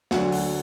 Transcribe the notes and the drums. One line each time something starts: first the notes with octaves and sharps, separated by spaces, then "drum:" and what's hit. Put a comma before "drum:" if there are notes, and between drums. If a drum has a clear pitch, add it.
D2 D3 F#3 F#5, drum: snare
drum: open hi-hat